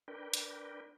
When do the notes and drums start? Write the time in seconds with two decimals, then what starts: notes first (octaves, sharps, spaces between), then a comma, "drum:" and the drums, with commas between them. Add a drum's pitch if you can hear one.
0.08 D4 A#4 B4 G5
0.33 drum: hi-hat